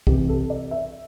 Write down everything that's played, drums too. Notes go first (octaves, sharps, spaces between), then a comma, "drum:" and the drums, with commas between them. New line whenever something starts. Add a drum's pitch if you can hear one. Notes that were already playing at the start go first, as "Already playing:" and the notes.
C2 C3 E3 G4, drum: kick
A4
D5
E5